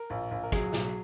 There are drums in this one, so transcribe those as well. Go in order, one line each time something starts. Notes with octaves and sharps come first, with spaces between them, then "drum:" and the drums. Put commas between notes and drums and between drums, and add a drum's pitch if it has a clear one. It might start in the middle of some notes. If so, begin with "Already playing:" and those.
Already playing: A#4
A#1
A#1
A#4
F#3 G#4, drum: kick, hi-hat
B1, drum: snare